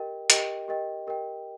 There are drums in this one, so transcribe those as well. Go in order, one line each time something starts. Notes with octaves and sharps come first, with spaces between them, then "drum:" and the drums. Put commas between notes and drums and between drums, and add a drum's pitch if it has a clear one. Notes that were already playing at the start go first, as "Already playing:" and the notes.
Already playing: G4 A#4 D#5 G5
G4 A#4 D#5 G5, drum: hi-hat
G4 A#4 D#5 G5
G4 A#4 D#5 G5